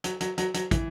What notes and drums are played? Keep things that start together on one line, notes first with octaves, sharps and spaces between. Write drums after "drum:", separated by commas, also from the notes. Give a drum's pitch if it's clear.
F#3, drum: hi-hat
F#3, drum: hi-hat
F#3, drum: hi-hat
F#3, drum: hi-hat
E3, drum: kick, hi-hat